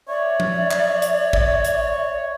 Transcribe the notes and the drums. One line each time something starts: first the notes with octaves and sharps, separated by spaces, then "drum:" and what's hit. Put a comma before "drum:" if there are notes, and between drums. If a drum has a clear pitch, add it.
C#5 D5 E5
drum: tom
drum: clap
drum: hi-hat
drum: kick
drum: hi-hat